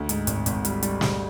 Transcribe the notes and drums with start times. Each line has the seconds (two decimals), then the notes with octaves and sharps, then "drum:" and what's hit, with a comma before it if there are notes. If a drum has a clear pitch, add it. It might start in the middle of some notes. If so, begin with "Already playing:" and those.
Already playing: D2
0.09 G#2, drum: hi-hat
0.27 G#1, drum: hi-hat
0.46 G#1, drum: hi-hat
0.65 G3, drum: hi-hat
0.83 G3, drum: hi-hat
1.01 G3, drum: snare